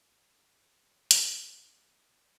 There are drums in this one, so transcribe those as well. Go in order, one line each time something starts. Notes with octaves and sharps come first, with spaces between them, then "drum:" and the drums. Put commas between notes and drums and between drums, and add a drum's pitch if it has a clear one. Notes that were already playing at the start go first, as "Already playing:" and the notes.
C#5 F5
drum: hi-hat